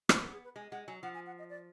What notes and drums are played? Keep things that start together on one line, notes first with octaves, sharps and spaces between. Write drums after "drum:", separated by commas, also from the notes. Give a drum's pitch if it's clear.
B3 F#4, drum: rim click
A#4
G#4
B4
G#3 G#5
G#3 F#5
F#3 G#5
F3 F#5
G#5
F#5
D#5
D5